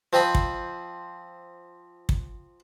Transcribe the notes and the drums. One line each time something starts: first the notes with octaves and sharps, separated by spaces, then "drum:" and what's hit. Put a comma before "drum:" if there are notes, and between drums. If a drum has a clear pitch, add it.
F3 C4 D#5 B5
drum: kick
drum: kick